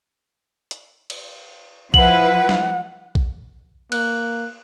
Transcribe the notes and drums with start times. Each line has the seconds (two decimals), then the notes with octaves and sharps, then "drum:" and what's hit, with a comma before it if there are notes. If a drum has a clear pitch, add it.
0.71 drum: hi-hat
1.10 drum: cymbal
1.94 F3 E4 B4 F#5 F#7, drum: kick A#1
2.49 drum: snare
3.15 drum: kick A#1
3.92 A#3 F#6, drum: cymbal